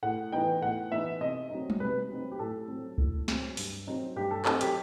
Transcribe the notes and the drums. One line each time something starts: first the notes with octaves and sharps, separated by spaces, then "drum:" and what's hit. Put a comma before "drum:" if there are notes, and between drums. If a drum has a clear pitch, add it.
A2 F#5
E3 B3 D#4 G5
A2 F#5
E3 B3 D#4 E5
C3 D#5
F#3 C4 D#4
drum: tom G3
C3 B4
F#3 C4 D#4
G4
A2 A4
F#3 C4
A2, drum: kick C#2
F#3 C4, drum: snare
G2, drum: open hi-hat
F#3 C4 D#4
G2 G4
A4
F#3 C4 D#4 A4, drum: clap
G4, drum: hi-hat